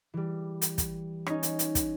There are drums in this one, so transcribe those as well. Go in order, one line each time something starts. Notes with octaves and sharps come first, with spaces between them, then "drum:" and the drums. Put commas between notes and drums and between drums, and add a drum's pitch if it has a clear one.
E3 G3
drum: hi-hat
drum: kick, hi-hat
C#4 D#4, drum: rim click
drum: hi-hat
drum: hi-hat
drum: kick, hi-hat